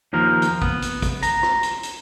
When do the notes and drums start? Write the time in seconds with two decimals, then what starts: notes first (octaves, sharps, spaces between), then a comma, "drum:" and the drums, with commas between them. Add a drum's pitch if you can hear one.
0.13 D#2 F3 A#4
0.42 drum: hi-hat
0.62 B3, drum: kick
0.82 drum: hi-hat
1.02 drum: kick, hi-hat
1.23 A#5, drum: hi-hat
1.43 drum: rim click
1.63 drum: hi-hat
1.83 drum: hi-hat